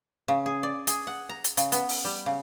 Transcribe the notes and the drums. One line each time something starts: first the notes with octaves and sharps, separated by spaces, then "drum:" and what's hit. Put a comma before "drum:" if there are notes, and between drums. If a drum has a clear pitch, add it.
C#3
G#4
D5
G#4, drum: hi-hat
F#5
A#5
drum: hi-hat
C#3, drum: hi-hat
B3, drum: hi-hat
drum: open hi-hat
G3
C#3